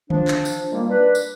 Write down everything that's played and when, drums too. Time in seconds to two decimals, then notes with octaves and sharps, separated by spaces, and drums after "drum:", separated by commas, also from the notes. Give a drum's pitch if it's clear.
0.10 F3 D4, drum: tom D3
0.28 drum: clap
0.45 drum: tambourine
0.71 A#2 D#3 G3 A#3
0.89 D4 B4
1.15 drum: tambourine